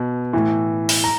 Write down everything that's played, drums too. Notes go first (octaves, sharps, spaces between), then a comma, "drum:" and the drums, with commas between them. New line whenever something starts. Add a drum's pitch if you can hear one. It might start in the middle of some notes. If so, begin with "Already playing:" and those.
Already playing: B2
A2 E3
drum: open hi-hat
A#5